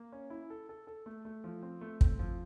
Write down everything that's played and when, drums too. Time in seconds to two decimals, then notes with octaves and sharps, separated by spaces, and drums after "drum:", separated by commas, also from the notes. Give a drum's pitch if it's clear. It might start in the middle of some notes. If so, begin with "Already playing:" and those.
Already playing: A#3
0.12 C#4
0.30 E4
0.50 A4
0.69 A4
0.87 A4
1.06 A3
1.25 A3
1.44 F3
1.63 C4
1.81 A3
2.01 C4, drum: kick
2.19 F3